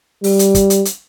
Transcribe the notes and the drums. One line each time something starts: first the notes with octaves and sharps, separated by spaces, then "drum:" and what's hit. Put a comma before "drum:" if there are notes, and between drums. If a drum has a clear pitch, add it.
G3, drum: open hi-hat
drum: hi-hat
drum: kick, hi-hat
drum: hi-hat
drum: hi-hat